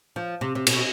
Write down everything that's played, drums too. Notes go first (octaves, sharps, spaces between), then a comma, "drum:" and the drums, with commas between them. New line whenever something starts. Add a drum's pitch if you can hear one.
F3
C3
C3
B2, drum: cymbal